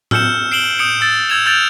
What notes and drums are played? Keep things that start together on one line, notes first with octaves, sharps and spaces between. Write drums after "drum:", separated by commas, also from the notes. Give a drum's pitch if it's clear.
E6 F6 G6 C#7 E7, drum: tom A2
C7 D7 E7 F#7 G7
D#6 G6 C#7 D7 E7
E6 A6
E6 G6 G#6 E7 F7
E6 F6 G6 A6 D7 F7